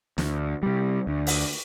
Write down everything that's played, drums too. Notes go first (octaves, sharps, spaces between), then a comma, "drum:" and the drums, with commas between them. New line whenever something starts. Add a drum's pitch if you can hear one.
D2, drum: snare
C3 G3
D2
drum: open hi-hat